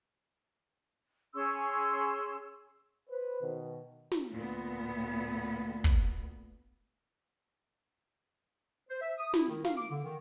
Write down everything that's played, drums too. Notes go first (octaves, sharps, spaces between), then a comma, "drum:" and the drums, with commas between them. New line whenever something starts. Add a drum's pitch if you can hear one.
C#4 G#4 C6 E6
B4 C5
B2 D#3
drum: snare
D2 A#2 B3
drum: kick
C5
E5
D#6
E4, drum: snare
D#3
F5, drum: snare
D6
D3
D#3